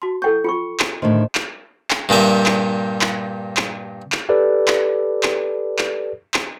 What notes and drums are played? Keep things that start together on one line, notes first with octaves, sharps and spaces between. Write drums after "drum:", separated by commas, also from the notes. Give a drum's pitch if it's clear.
F#4 A5 C6
E4 A4 F#5 G5 C#6 G6
F4 C6 C#6 C#7
drum: clap
A2 D3 D#3 C5 D#5 C6
drum: clap
drum: clap
G2 A#2 G3 E5
drum: clap
drum: clap
drum: clap
drum: clap
G4 A4 B4 D5
drum: clap
drum: clap
drum: clap
drum: clap